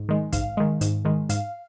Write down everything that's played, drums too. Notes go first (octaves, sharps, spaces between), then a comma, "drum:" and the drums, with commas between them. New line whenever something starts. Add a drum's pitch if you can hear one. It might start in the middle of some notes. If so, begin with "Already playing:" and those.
Already playing: G#2
D#3 G#3
G#2 F5, drum: kick, hi-hat
D#3 G#3
G#2, drum: hi-hat
D#3 G#3
G#2 F5, drum: hi-hat